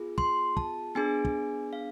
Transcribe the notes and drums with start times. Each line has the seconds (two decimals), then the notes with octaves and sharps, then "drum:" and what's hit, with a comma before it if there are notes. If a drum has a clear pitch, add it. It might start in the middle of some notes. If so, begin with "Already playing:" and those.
Already playing: B3 F4 G#4
0.18 C6, drum: kick
0.57 A5, drum: kick
0.95 B3 D4 G#4 G#5
1.25 drum: kick
1.73 F5